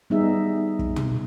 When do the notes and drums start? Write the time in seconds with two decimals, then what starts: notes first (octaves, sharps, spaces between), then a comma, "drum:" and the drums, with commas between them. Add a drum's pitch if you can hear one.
0.10 G3 B3 D#4 G#4 E5
0.79 drum: kick
0.96 drum: tom